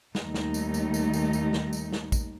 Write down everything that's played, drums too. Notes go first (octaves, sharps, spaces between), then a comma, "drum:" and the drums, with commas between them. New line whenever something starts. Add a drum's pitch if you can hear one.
D#2 G3 A3 D#4, drum: snare
drum: snare
drum: tambourine
drum: tambourine
drum: tambourine
drum: tambourine
drum: tambourine
drum: snare
drum: tambourine
drum: snare
drum: kick, tambourine